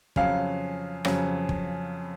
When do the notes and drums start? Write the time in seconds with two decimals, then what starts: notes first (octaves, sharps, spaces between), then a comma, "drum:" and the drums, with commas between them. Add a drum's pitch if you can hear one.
0.16 F2 C#3 F#3 C#4 F5, drum: kick
1.05 F2 C#3 F#3 C#4, drum: rim click
1.49 drum: kick